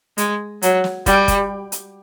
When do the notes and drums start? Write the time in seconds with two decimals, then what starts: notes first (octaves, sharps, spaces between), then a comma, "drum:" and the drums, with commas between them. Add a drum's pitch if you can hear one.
0.18 G#3, drum: hi-hat
0.62 F#3, drum: hi-hat
0.84 drum: snare
1.06 G3, drum: kick, hi-hat
1.28 drum: kick, hi-hat
1.72 drum: hi-hat